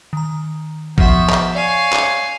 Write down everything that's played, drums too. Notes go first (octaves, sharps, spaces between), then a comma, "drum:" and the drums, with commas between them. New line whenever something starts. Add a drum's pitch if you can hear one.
D#3 A#5
F3 B3 F#4 C5 E5 F#5, drum: kick
drum: clap
C#5 D5 F5 G#5 C#6
drum: clap